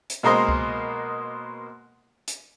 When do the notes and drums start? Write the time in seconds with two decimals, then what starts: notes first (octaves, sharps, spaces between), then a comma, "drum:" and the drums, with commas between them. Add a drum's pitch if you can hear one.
0.10 drum: hi-hat
0.23 B2 G#3 A#3 C5 D#5 A#5
0.48 drum: kick C2
2.28 drum: hi-hat